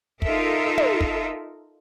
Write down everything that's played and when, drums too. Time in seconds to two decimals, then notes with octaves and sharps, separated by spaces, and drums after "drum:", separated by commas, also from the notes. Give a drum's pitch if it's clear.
0.22 D#4 F4 A4 A#4 E5, drum: kick
0.78 drum: tom
1.01 drum: kick